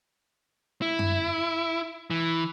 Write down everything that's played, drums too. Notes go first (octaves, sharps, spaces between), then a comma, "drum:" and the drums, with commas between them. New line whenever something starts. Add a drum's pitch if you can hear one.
E4
drum: tom F#2
E3